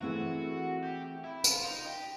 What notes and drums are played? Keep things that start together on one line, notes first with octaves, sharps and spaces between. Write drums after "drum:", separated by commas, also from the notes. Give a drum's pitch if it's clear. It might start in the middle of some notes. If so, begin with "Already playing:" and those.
E3 A3 C4 E4 F#4 G#4
G4
E4
F4, drum: tambourine
D#4
G4